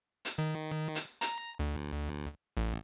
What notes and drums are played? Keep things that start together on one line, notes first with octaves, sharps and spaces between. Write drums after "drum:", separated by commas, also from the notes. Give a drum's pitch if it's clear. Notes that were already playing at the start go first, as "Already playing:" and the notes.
drum: hi-hat
D#3
drum: hi-hat
A#5, drum: hi-hat
D2
A1